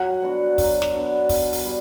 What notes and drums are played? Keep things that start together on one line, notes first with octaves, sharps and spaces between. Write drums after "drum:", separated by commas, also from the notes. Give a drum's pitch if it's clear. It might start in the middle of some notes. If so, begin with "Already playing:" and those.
Already playing: F#3 F#5
B3 D4 F#4
F#3, drum: kick, open hi-hat
drum: snare
B3 D4 F#4
B2, drum: kick, open hi-hat
drum: open hi-hat
G3